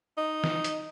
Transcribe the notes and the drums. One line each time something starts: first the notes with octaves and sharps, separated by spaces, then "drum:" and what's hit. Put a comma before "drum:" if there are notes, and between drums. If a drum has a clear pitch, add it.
D#4
drum: snare
drum: hi-hat